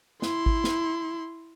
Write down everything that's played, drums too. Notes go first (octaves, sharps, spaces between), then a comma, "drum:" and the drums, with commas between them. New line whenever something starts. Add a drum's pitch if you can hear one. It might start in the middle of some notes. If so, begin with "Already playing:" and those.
E4 C6, drum: snare
drum: kick G#1
drum: snare